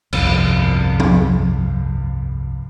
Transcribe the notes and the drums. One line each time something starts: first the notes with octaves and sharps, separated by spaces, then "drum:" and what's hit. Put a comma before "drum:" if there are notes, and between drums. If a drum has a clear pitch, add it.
G1 C2 F2, drum: cymbal
drum: tom F3